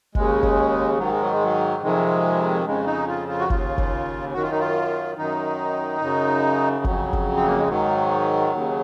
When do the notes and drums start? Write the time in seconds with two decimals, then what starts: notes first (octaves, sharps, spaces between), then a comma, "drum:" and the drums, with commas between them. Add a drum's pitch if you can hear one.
0.15 D#2 C#3 G#3, drum: kick
0.43 drum: kick
0.98 G#2 D#3 F#3
1.10 G#3
1.21 F#3
1.33 G#3
1.44 F#3
1.83 F2 C3 D#3 G#3
2.66 F2 C#3 G#3
2.86 D#4
3.08 F4
3.28 F4
3.40 F#4
3.50 D#2 C#3 F4, drum: kick
3.78 drum: kick
4.34 F#2 D#3 F#4
4.43 F4
4.51 D#4
4.60 F4
5.18 F#2 D#3 D#4
6.01 F#2 C#3
6.84 F2 C#3 F#3, drum: kick
7.13 drum: kick
7.36 C4
7.47 A#3
7.58 G#3
7.68 G#2 D#3 F#3
8.53 D#2 C#3